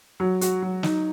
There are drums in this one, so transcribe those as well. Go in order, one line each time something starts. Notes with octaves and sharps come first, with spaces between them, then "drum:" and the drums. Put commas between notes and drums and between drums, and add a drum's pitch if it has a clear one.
F#3
F#4, drum: hi-hat
F#3
D#4, drum: snare